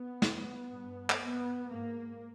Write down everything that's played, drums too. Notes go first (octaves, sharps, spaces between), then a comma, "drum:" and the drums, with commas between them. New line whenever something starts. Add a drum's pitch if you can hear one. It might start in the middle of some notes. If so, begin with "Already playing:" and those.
Already playing: B3
drum: snare
G2
drum: clap
B3
G#2 A#3